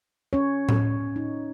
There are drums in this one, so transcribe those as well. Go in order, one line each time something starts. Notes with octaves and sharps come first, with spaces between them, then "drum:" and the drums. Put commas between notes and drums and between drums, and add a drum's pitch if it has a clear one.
C#4 C#5
drum: tom A2
D#4